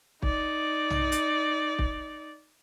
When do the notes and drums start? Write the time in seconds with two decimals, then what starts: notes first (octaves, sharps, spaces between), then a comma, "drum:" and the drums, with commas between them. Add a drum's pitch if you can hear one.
0.22 D#4 D5, drum: kick
0.90 drum: tom
1.12 drum: hi-hat
1.79 drum: kick